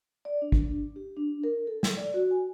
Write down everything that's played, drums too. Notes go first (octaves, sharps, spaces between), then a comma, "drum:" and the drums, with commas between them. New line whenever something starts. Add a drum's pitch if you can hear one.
D5
D4
drum: kick
G4
D4
A#4
A4
drum: snare
D5
F#4
G#5